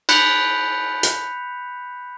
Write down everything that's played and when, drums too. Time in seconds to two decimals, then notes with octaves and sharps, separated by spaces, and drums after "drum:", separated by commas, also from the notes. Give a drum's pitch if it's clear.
0.09 B5 F#6 G6 B6 C#7 F7, drum: cymbal
1.03 drum: hi-hat